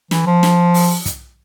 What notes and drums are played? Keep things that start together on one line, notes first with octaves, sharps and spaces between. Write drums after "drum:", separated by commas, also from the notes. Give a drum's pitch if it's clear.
E3, drum: snare
F3
drum: snare
drum: open hi-hat
drum: kick, hi-hat